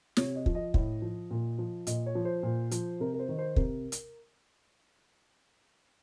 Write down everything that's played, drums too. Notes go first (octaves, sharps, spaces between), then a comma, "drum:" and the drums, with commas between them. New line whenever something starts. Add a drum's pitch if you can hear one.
C3 C#5, drum: snare
D#5
F3, drum: kick
D#5
A2, drum: kick
F3
A#2
F3
A#2 D#5, drum: hi-hat
C#5
F3
C5
A#2
F3, drum: hi-hat
C3 A#4
A#4
C5
D#3
C5
C3 A#4, drum: kick
drum: hi-hat